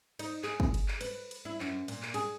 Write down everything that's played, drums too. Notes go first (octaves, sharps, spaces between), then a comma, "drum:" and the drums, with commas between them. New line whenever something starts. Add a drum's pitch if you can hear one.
D#4, drum: cymbal
G#4, drum: clap
drum: kick
drum: cymbal
drum: clap
B4, drum: cymbal
drum: cymbal
E4
F#2, drum: clap
A#2, drum: cymbal
drum: clap
G#4, drum: cymbal